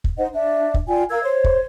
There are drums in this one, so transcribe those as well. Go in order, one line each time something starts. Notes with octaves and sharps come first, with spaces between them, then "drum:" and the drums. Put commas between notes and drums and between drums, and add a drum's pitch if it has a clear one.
drum: kick
D#4 C5 D#5 F#5
D4 E5
drum: kick
F4 D5 G5 G#5
A#4 F5 E6 G#6
C5 C#5
drum: kick